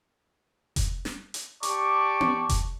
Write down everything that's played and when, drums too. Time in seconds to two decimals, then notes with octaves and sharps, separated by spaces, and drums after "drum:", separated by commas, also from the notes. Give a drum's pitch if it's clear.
0.76 drum: kick F1, hi-hat
1.05 drum: snare
1.34 drum: hi-hat
1.63 G4 D5 A5 C#6 D6, drum: hi-hat
2.21 drum: tom B3
2.49 drum: kick F1, hi-hat